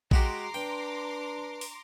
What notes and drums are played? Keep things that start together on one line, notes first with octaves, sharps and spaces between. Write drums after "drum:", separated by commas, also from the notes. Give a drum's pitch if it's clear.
G#3 F#4 G4 A#5 C6 D6, drum: kick A#1
D4 B4 G5
drum: open hi-hat